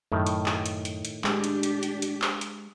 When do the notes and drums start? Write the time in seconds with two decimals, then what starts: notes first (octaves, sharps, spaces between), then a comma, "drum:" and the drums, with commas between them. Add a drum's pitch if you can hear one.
0.12 F#2 A2 D#3
0.27 drum: hi-hat
0.46 drum: clap
0.66 drum: hi-hat
0.85 drum: hi-hat
1.05 drum: hi-hat
1.24 G#3 D4 G4, drum: clap
1.44 drum: hi-hat
1.63 drum: hi-hat
1.83 drum: hi-hat
2.02 drum: hi-hat
2.22 drum: clap
2.41 drum: hi-hat